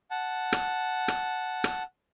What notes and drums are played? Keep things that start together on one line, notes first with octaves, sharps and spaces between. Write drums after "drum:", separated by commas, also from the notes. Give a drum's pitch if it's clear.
F#5 A5
drum: rim click
drum: rim click
drum: rim click